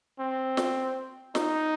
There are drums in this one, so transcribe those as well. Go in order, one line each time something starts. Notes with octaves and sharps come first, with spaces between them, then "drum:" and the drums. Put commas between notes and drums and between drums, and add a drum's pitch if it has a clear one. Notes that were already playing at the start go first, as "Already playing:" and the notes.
C4
drum: snare
D#4, drum: snare